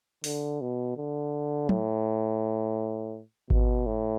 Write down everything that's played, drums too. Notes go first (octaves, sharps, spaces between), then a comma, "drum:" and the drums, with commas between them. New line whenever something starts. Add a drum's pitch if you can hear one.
D3, drum: open hi-hat
B2
D3
A2, drum: tom
B2, drum: kick G#1
A2